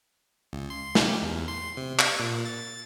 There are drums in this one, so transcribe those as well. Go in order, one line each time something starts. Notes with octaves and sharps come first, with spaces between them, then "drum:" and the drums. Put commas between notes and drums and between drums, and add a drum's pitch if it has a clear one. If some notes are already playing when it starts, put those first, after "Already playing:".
C#2
C6
G4, drum: snare
E2
C6
C3
G#6, drum: clap
A#2
A6